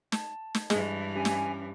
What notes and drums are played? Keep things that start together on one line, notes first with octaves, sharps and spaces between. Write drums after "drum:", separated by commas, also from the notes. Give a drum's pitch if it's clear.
A5, drum: snare
drum: snare
G2 E3 G#3, drum: snare
C#4 G4 G#5
drum: snare